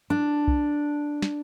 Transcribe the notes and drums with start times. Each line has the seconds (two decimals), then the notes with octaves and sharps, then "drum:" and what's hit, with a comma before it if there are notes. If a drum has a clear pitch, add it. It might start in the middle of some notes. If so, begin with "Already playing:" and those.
0.10 D4
0.48 drum: kick B1
1.22 drum: snare